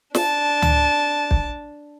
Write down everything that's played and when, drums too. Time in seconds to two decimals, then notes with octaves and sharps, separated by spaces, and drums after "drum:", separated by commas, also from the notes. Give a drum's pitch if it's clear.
0.15 D4 A5, drum: snare
0.62 drum: tom C#2
1.31 drum: kick